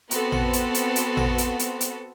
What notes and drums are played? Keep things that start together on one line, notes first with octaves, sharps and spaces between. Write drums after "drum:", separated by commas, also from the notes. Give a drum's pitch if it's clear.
B3 C4 F#4 A4, drum: hi-hat
drum: tom A1
drum: hi-hat
drum: hi-hat
drum: hi-hat
drum: tom A1
drum: hi-hat
drum: hi-hat
drum: hi-hat